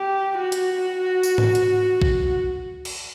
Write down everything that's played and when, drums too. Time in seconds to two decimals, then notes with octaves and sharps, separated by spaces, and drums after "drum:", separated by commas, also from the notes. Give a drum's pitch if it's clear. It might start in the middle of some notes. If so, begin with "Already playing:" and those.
Already playing: G4
0.38 F#4
0.52 drum: hi-hat
1.23 drum: tambourine
1.38 drum: tom G#2
1.55 drum: hi-hat
2.02 drum: kick B1
2.85 drum: cymbal